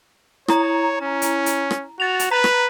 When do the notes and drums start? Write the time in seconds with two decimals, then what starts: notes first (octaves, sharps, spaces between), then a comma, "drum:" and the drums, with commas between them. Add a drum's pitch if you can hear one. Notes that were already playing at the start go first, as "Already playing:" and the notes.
0.48 E4 C#5 A#5, drum: rim click
1.01 C#4
1.22 drum: hi-hat
1.46 drum: hi-hat
1.71 drum: rim click
2.00 F#4 A6 F7
2.19 drum: hi-hat
2.31 B4 A#5 B6
2.44 drum: rim click